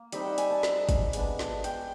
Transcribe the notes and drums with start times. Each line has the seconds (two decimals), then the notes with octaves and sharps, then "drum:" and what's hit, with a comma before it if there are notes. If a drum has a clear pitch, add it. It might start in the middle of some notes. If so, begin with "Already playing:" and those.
Already playing: A#3
0.12 G3 C4 D#4 E5, drum: hi-hat
0.20 F#5 G5
0.38 G#5, drum: hi-hat
0.51 A5
0.63 drum: snare
0.89 drum: kick, hi-hat
1.13 G#3 B3 D4, drum: hi-hat
1.39 drum: snare
1.64 G5, drum: hi-hat